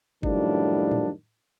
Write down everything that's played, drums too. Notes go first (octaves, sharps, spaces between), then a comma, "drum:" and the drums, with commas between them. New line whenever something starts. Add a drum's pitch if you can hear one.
F#2 A2 D#3 F3 G3 D4, drum: kick G1
drum: tom A2